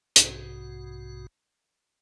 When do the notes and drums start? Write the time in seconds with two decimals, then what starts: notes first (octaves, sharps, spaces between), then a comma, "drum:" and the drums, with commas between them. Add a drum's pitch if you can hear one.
0.16 B1 G#2 C3 F#4, drum: hi-hat